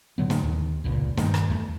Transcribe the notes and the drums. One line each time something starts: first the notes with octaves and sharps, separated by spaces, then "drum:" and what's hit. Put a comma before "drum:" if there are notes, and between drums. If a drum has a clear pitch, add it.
A2 D3 F#3 B3
drum: snare
D#2
F1 C#2 A#2
G2 D#3, drum: snare
drum: rim click
E2 A3